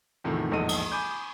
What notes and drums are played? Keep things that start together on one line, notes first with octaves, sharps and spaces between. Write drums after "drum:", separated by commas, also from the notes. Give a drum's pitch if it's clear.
E2 A2 C3 D#3 F3
A#1 E2 G#2 A4 D#5 D#7
drum: cymbal
G#5 B5 D6 G6